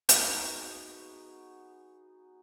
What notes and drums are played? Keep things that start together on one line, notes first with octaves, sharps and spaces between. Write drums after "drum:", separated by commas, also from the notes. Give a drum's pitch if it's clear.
B3 D#4 F#4 G#4, drum: hi-hat